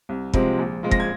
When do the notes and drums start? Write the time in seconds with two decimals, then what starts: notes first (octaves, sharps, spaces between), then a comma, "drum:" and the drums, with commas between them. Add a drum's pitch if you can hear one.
0.09 C2
0.34 C3 F3 G#3 C4, drum: kick
0.59 A#1
0.83 A#2 G#3 C4
0.91 A#6, drum: kick
1.00 G#6